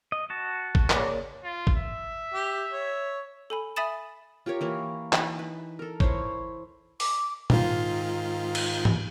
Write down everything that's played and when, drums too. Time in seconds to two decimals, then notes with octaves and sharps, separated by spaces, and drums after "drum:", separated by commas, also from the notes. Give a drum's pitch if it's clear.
0.12 D#5
0.30 F#4 A5
0.75 drum: kick
0.90 C#3 A#3 D5, drum: clap
1.44 F4
1.67 drum: kick
1.78 E5
2.34 G4
2.72 C#5
3.50 A4 G#5 B5
3.76 E5 G#5 B5 D#6 A6 E7
4.46 F4 G4 A#4 C#5
4.61 E3 A#3 E4
5.13 E3 D#4, drum: clap
5.39 B4
5.79 A4 A#4
6.00 E4 C5 C#5, drum: kick
7.00 D6, drum: open hi-hat
7.50 G#2 D#3 F4, drum: tom A#2
8.55 drum: cymbal
8.85 drum: tom G#2